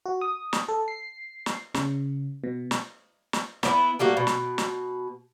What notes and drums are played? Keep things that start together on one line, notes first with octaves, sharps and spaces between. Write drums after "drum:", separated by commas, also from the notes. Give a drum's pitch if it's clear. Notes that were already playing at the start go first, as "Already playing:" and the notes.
F#4
D#6
drum: snare
A4
C7
drum: snare
C#3, drum: snare
B2
drum: snare
drum: snare
B3 D4 E4, drum: snare
G3 A3 A#3 F#4
B2
drum: snare
drum: snare